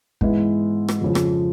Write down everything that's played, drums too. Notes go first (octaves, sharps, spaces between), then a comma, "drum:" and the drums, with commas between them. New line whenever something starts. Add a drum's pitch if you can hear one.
G#2 E3 G#3 B3 E4, drum: kick
drum: rim click
F2 C#3 F3
drum: rim click